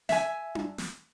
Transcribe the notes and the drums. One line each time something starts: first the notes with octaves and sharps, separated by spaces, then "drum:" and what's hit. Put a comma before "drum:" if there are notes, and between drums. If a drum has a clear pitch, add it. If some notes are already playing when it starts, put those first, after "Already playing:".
E5 G#5, drum: snare
drum: tom D4
drum: snare